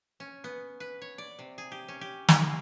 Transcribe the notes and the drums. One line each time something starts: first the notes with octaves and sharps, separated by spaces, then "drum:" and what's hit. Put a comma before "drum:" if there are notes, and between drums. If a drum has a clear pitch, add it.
C#4
B3
B4
C#5
D5
C3
G#4
G4
C#4
G4
drum: snare
A#3